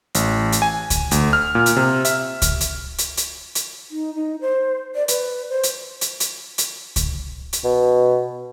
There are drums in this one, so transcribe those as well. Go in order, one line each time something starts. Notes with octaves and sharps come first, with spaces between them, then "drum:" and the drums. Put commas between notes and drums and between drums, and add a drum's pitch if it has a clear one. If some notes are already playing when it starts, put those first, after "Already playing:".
A1, drum: hi-hat
drum: hi-hat
G#5
drum: kick C#2, hi-hat
D2, drum: hi-hat
F6
A#2
drum: hi-hat
C3
E5, drum: hi-hat
drum: kick C#2, hi-hat
drum: hi-hat
drum: hi-hat
drum: hi-hat
drum: hi-hat
D#4
D#4
C5
D5
B4, drum: hi-hat
C5
drum: hi-hat
drum: hi-hat
drum: hi-hat
drum: hi-hat
drum: kick C#2, hi-hat
drum: hi-hat
B2